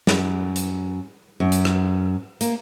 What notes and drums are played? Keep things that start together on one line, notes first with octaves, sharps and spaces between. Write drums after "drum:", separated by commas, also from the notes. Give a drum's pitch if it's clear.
F#2, drum: snare
drum: hi-hat
F#2
drum: hi-hat
drum: rim click
A#3, drum: hi-hat